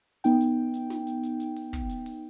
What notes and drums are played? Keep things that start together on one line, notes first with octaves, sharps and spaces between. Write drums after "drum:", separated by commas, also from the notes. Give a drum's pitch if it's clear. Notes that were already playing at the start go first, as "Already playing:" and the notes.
B3 D#4 G5, drum: hi-hat
drum: hi-hat
drum: hi-hat
drum: snare
drum: hi-hat
drum: hi-hat
drum: hi-hat
drum: open hi-hat
drum: kick, hi-hat
drum: hi-hat
drum: open hi-hat